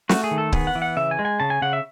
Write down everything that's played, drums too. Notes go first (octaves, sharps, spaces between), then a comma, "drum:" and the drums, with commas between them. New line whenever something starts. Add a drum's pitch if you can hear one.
A3 F#4, drum: snare
G#4
D#3
A4
B3 G#4, drum: kick C#1
F#5
E3
F#5
C#3 E5
G#5
G#3
G#5
C#3 A5
G#5
C#3 F#5
E5